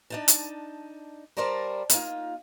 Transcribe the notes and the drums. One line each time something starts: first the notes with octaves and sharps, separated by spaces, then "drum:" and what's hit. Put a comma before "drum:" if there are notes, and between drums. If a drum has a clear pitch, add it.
D4 D#4 A5
drum: hi-hat
G3 A#4 C5 D5 A5 A#5
A#3 D#4 F4, drum: hi-hat